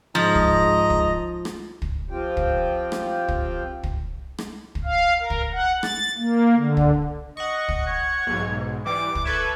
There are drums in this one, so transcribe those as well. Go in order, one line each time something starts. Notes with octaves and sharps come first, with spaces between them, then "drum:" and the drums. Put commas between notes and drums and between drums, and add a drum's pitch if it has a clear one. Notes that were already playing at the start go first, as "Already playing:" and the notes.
G#2 F3 D#5 A#5
drum: kick
drum: kick
drum: rim click
drum: kick
F3 C4 F4 G4 G5
drum: kick
drum: rim click
drum: kick
drum: kick
drum: rim click
drum: kick
F5
A#4
drum: kick
F#5
A6, drum: rim click
A#3
D3
drum: kick
D#5 F#5 C#6
drum: kick
C#5
B1 G#2
E3 G3 D6
drum: kick
A4 B4 C#5 E5